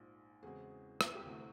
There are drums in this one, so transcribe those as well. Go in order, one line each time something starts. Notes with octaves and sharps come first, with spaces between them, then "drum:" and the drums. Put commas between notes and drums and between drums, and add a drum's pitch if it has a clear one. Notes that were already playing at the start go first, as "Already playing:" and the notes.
Already playing: A#1 G#2 F3
E2 C#3 E3 G#3 C4 F#4 G#4
drum: rim click
G4
D2 C3 E3 A3 C4 E4 F#4